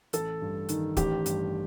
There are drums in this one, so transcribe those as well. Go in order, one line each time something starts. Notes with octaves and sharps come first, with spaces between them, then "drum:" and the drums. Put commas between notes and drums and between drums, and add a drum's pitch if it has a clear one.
A1 A4, drum: hi-hat
G2
D#3, drum: hi-hat
A1 G4, drum: kick, hi-hat
G2, drum: hi-hat